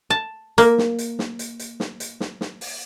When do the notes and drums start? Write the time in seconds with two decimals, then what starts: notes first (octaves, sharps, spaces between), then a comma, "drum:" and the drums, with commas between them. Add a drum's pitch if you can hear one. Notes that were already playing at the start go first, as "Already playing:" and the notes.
0.10 A5
0.58 A#3, drum: hi-hat
0.78 drum: snare
0.99 drum: hi-hat
1.19 drum: snare
1.39 drum: hi-hat
1.59 drum: hi-hat
1.80 drum: snare
2.00 drum: hi-hat
2.20 drum: snare
2.41 drum: snare
2.61 drum: open hi-hat